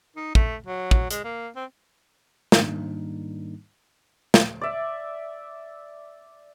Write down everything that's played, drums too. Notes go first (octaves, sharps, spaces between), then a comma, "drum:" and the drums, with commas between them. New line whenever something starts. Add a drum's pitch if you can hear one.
D#4
A3, drum: kick
F#3
drum: kick
G#3, drum: hi-hat
A#3
C4
G#2 D#3 G3 A#3 D4 D#4, drum: snare
drum: snare
D5 E5